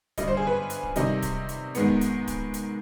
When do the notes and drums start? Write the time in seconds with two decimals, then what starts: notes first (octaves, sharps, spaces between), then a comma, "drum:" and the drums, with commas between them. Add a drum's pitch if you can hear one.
0.18 G2 D3 G3 D#5, drum: kick D1, hi-hat
0.28 C5
0.37 G#4
0.47 B4
0.70 drum: hi-hat
0.83 drum: kick D1
0.96 C3 D#3 G3 D#5, drum: hi-hat
1.22 drum: kick D1, hi-hat
1.49 drum: hi-hat
1.75 G#2 D#3 G#3 B3, drum: hi-hat
1.88 drum: kick D1
2.01 drum: hi-hat
2.28 drum: kick D1, hi-hat
2.54 drum: hi-hat